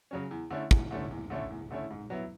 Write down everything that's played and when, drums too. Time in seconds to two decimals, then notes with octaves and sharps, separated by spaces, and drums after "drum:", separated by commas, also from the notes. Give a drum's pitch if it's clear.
0.11 C#3 F#3 C#4
0.31 E2
0.51 D3 A3 C#4 E4
0.71 E2, drum: kick
0.91 D3 A3 C#4 E4
1.11 E2
1.30 D3 A3 C#4 E4
1.50 E2
1.71 D3 A3 C#4 E4
1.91 G#2
2.10 F#3 B3 E4